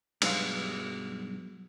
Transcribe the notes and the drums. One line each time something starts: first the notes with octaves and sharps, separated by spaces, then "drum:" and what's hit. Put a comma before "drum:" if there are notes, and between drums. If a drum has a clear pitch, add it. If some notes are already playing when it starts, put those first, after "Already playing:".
B1 G2 F#3 G#3 F5, drum: cymbal